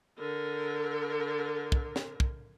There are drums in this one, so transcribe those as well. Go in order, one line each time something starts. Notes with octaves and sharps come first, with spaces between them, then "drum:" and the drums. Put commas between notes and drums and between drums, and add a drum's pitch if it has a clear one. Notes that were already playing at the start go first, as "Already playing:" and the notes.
D3 A#4
drum: kick
drum: snare
drum: kick